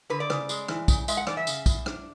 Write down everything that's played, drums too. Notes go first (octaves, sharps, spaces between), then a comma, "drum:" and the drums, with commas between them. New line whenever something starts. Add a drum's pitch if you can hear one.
D3 B4
D5
C#3, drum: rim click
G#3, drum: tambourine
E3, drum: rim click
C#3, drum: kick, tambourine
G#3 E5, drum: tambourine
F#5
E3 D5, drum: rim click
E5
C#3, drum: tambourine
E2, drum: kick, tambourine
D4, drum: rim click